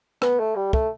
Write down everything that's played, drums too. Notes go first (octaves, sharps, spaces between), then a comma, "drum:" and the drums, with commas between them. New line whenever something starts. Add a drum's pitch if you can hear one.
B3, drum: rim click
A3
G3
A3, drum: kick